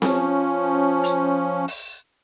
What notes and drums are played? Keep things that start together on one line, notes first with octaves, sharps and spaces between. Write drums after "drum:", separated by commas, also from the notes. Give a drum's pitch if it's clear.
F3 C#4, drum: snare C4
drum: hi-hat
drum: open hi-hat